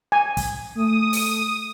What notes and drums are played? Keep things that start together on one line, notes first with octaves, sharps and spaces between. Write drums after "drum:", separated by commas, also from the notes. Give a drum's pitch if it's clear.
G#5
drum: kick, hi-hat
A3 D#6
drum: open hi-hat